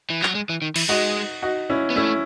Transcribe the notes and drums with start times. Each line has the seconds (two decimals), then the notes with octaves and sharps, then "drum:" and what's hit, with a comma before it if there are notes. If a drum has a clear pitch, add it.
0.10 E3
0.22 F#3, drum: clap
0.35 G#3
0.49 E3
0.62 D#3
0.76 E3, drum: cymbal
0.89 G#3 D#4 F#4
1.42 D#4 F#4
1.70 C#4 E4
1.90 B3
1.96 A3 C#4 E4